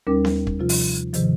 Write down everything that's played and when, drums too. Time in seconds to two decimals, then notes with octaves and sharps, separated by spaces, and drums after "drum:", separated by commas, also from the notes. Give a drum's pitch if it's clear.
0.07 D#2 G3 C#4 A#4 D6
0.25 drum: snare B3
0.47 drum: kick
0.59 C3 F3 F4
0.69 drum: open hi-hat
1.14 G#2 C3 D#3 F3, drum: hi-hat